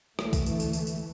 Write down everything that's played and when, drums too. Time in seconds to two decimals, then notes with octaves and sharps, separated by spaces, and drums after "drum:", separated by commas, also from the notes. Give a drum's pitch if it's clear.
0.19 D2 E3 A3, drum: rim click
0.33 drum: kick, tambourine
0.46 drum: tambourine
0.60 drum: tambourine
0.73 drum: tambourine
0.87 drum: tambourine